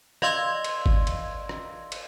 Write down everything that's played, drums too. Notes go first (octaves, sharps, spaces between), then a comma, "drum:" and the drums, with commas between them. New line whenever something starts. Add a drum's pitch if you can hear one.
D5 D#5 F5 C6 E6 G#6, drum: rim click
drum: cymbal
drum: kick G1
drum: cymbal
drum: rim click
drum: cymbal